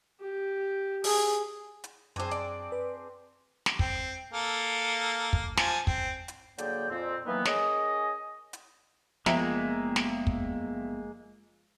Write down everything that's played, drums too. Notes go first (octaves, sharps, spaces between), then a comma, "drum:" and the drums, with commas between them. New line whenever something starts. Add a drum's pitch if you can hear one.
G4
G#4, drum: open hi-hat
drum: hi-hat
F#2 C4 D4 G#4 C5 G#5
D5
B4
drum: snare
C4, drum: kick
A#3 A4
drum: kick
F3 G#5 A5, drum: snare
C4, drum: kick
drum: hi-hat
D3 F#3 A#3 G#4 D5 G5, drum: hi-hat
F2 A#2 C4
D#3 E3 F#3 A#3 B3
C#4 G#4 A#4 C#5 D#5, drum: snare
drum: hi-hat
F#1 F3 G#3 A#3 B3 E5 G5 A#5, drum: snare
drum: snare
drum: kick